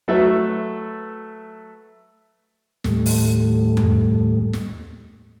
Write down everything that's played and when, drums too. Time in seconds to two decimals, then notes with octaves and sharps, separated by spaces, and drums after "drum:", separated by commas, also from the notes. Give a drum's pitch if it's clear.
0.08 F#3 A3 A4 B4 E5
2.84 D#2 A2 G3 A3, drum: snare
3.06 drum: open hi-hat
3.77 drum: tom F2
4.53 drum: snare